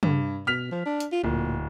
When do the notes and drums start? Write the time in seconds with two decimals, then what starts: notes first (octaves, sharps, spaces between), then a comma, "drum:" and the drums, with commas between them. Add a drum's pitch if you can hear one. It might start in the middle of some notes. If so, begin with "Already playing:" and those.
0.03 G2, drum: tom
0.47 B2 F6 B6 F7
0.71 F3
0.86 D4
1.00 drum: hi-hat
1.12 F4
1.23 D1 A#2